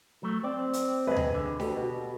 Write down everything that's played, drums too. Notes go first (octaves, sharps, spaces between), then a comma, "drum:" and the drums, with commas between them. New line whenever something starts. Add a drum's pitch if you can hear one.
F#3 A3
C4 D5
drum: hi-hat
E2 G2 G#4 B4 D#5
drum: tom D2
D3
D2 B2 G4, drum: snare D4
B2